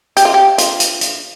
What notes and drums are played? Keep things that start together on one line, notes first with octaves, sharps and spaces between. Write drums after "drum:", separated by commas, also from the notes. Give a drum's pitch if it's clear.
G4, drum: hi-hat
F4
G4
F4, drum: hi-hat
drum: hi-hat
drum: hi-hat